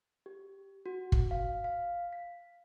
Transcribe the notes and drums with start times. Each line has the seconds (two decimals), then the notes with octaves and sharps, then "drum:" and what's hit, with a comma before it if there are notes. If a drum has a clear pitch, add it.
0.26 G4
0.86 F#4
1.12 drum: kick
1.31 F5
1.64 F5
2.13 B6